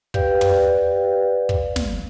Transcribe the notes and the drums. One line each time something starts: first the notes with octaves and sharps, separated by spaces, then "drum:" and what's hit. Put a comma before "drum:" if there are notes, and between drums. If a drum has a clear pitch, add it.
G4 B4 D5 F5 G5, drum: kick
drum: tom
drum: kick
drum: snare